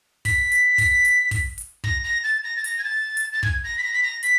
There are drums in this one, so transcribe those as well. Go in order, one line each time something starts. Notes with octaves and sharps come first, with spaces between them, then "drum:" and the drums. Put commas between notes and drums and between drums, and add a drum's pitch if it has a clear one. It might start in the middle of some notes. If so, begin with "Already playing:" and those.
B6, drum: kick, open hi-hat
drum: hi-hat
drum: kick, open hi-hat
drum: hi-hat
drum: kick, open hi-hat
drum: hi-hat
A#6, drum: kick
A#6
A6
A#6
A6
A#6, drum: hi-hat
G#6
A6
drum: hi-hat
A6
G#6, drum: kick
A#6
B6
A#6
B6
A#6
B6, drum: hi-hat